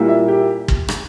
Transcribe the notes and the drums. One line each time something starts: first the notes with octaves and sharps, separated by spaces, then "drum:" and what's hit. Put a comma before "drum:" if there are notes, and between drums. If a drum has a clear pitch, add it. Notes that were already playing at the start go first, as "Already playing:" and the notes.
Already playing: A#2 G3 A#3 E4
E5
G4
drum: kick
drum: rim click